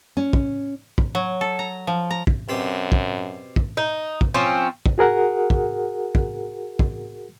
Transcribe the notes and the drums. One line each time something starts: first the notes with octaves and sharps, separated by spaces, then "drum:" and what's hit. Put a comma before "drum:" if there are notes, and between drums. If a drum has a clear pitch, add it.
C#4
drum: kick
drum: kick
F#3
A4
A#5
F3
A#5
drum: kick
F#2 B2 C4 G4
drum: kick
drum: kick
D#4
drum: kick
F3 C4 C#4
drum: kick
F#4 G#4 A#4 F#5
drum: kick
drum: kick
drum: kick